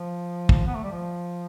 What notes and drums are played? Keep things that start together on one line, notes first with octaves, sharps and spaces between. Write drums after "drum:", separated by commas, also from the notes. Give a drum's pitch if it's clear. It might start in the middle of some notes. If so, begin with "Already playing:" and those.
Already playing: F3
drum: kick
B3
A3
G3
F3